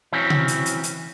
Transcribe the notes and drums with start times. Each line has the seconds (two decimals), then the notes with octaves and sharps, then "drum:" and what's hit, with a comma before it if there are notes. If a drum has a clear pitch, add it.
0.12 E3 F#3 C4 C#4
0.30 drum: tom C3
0.48 drum: hi-hat
0.66 drum: hi-hat
0.83 drum: hi-hat